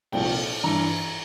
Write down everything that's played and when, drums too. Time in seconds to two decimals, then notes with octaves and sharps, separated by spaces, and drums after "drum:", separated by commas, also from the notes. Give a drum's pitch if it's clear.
0.12 C2 A#2 F3 G5, drum: cymbal
0.64 G2 E3 A#5